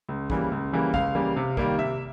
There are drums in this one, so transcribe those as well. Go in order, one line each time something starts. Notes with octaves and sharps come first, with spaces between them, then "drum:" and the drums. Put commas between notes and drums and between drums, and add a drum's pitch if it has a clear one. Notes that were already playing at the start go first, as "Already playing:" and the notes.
C#2
C#3 E3 G3 A#3, drum: kick
C#2
C#3 E3 G3 A#3
C#2 F5, drum: kick
C#3 E3 G3 A#3
C3
D#3 G3 A#3, drum: kick
C3 E5